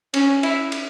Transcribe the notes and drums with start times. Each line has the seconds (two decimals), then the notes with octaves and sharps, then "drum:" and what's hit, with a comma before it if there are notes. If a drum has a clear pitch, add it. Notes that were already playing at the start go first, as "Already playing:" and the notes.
0.14 C#4, drum: cymbal
0.43 E4, drum: cymbal
0.72 drum: cymbal